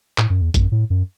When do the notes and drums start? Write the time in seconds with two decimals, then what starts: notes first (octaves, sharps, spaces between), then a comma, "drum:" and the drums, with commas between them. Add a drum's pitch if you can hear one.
0.18 A2, drum: clap
0.30 F#2
0.41 E2
0.54 F#2, drum: kick, hi-hat
0.72 A2
0.90 F#2